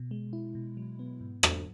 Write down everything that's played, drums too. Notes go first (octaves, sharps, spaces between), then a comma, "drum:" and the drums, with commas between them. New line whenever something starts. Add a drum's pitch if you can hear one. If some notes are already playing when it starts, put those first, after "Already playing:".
Already playing: B2
G#3
E4
B2
F#3
B3
G#2
F#3, drum: rim click